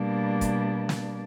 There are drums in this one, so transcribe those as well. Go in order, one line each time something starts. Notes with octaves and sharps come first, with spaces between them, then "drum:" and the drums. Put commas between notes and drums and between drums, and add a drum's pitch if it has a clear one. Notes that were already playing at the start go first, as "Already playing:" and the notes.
Already playing: B2 G3 A#3 D4
drum: kick, hi-hat
drum: snare